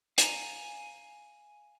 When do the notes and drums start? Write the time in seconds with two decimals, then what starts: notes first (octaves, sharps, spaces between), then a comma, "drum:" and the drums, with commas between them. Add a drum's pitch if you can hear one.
0.18 F5 G#5 A#5, drum: hi-hat